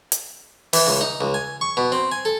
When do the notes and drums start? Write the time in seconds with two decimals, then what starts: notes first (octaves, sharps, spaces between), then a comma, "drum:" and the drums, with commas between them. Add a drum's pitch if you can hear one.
0.12 drum: hi-hat
0.73 E3, drum: open hi-hat
0.87 C#2
1.01 D#4
1.21 C#2
1.34 G#5
1.61 C#6
1.77 B2
1.92 C4
2.11 G#5
2.25 A4